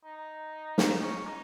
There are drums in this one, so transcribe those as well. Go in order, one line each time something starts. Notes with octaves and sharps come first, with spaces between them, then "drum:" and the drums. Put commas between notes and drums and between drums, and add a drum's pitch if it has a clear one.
D#4
drum: snare
C#4
D#4